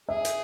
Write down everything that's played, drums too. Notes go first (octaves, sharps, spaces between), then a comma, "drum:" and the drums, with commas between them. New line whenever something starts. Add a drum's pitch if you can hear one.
G#4 E5
drum: hi-hat